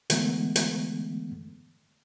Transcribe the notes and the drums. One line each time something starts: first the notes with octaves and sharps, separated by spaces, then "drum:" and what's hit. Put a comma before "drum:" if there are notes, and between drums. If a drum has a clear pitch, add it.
D3 E3 G#3 A3 B3, drum: hi-hat
drum: hi-hat